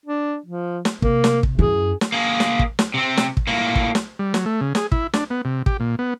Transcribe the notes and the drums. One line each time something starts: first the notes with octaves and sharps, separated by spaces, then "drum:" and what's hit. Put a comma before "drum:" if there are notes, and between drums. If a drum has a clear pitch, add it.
D4
F3
drum: snare
C3 A#3, drum: kick
drum: snare
drum: kick
F#2 E4 G#4
drum: snare
A#3 G#4
drum: snare
drum: kick
drum: snare
C3 C4
drum: snare
drum: kick
A2 A#3
drum: kick
drum: snare
G3
F#3, drum: snare
A3
C#3
G#4, drum: snare
E4, drum: kick
D4, drum: snare
B3
C3
G4, drum: kick
A#2
B3